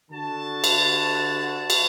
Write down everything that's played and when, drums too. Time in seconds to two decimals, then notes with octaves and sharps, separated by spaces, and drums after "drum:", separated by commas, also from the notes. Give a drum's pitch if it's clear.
0.11 D3 F#4 A5
0.64 drum: cymbal
1.70 drum: cymbal